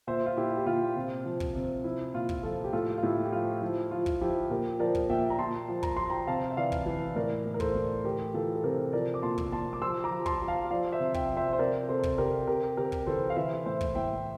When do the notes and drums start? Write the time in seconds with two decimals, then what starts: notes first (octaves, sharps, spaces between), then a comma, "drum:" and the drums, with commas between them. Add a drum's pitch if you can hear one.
0.07 A#2 C5 E5
0.26 F4
0.37 A#2 E4 G4
0.56 G4
0.66 A#2 F4
0.96 C3
1.25 F3
1.40 drum: kick
1.55 C3
1.84 F3 E4
2.14 A#2 F4
2.29 drum: kick
2.43 F3 F4 A4
2.64 G4
2.73 A2 F4 A4
2.98 F4
3.03 A2 E4 G4
3.25 G4
3.32 F3 F4
3.62 F3 E4
3.91 F3 F4
4.06 drum: kick
4.21 F3 E4 G4
4.50 A#2 G4 A#4
4.80 F3 A#4 D5
4.95 drum: kick
5.10 A#2 E5 G5
5.30 A#5
5.39 A#2 A5 C6
5.68 F3
5.83 A#5, drum: kick
5.97 F3 C6
6.10 G5 A#5
6.27 C3 F5 A5
6.51 E5
6.57 E3 D5 F5
6.72 drum: kick
6.86 E3
7.16 A2 A#4 D5
7.46 A2
7.54 A#4
7.60 A4 C5, drum: kick
7.75 A2
8.04 E3 G4 A#4
8.34 E3 F4 A4
8.55 A4
8.64 C3 G4 A#4
8.93 F3 A#4 D5
9.14 D6
9.22 A#2 A5 C6
9.38 drum: kick
9.52 A#2 A5 C6
9.73 D6
9.82 F3 C6 E6
10.04 A#5 D6
10.11 F3
10.26 A5 C6, drum: kick
10.41 F3
10.48 F5 A5
10.71 F3 D5 F5
10.92 C5 E5
10.99 C3
11.14 E5 G5, drum: kick
11.30 F3
11.37 C5 E5
11.53 C5
11.59 C3 A#4 D5
11.89 C3 A4 C5
12.03 drum: kick
12.18 C3 G4 A#4
12.47 C3 G4 A#4
12.77 C3 G4 A#4
12.92 drum: kick
13.07 E3 A4 C5
13.30 F5
13.36 E3 C5 E5
13.66 A2 C5 E5
13.81 drum: kick
13.95 A2 E5 G5